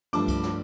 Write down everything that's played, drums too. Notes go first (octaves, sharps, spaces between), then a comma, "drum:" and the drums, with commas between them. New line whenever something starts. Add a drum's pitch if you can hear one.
G2 F3 A3 D4 D6, drum: cymbal
drum: kick C2, cymbal
drum: snare